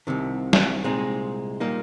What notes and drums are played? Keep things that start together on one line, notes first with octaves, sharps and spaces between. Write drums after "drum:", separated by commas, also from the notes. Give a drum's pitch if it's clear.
C2 C3 D#3
drum: snare
C2 A#2 G#3 C4 D#4
A#2 G3 A#3 D#4